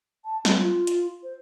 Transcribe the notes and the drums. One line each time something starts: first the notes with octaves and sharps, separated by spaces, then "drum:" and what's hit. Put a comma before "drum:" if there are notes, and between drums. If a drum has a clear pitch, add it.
A5
C4, drum: snare
F4
drum: hi-hat
C5